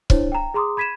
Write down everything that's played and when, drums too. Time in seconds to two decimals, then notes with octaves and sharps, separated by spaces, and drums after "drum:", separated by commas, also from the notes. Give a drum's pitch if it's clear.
0.10 D4 E4 C5 C#5, drum: kick
0.32 G5 A#5
0.54 G#4 A#5 C6 D6 D#6
0.77 B5 G#6 B6 D#7 E7